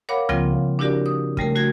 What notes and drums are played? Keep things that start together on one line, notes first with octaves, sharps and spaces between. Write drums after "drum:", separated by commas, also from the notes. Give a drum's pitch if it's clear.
A#4 C#5 F5 F#5 B5 D6
C#3 F3 G3 A#3 C4 F4, drum: tom C#2
D4 E4 F#4 G4 A#4 D5
D#6
C#3 G3 A3 A#4, drum: kick
A3 F#4 G#6 A#6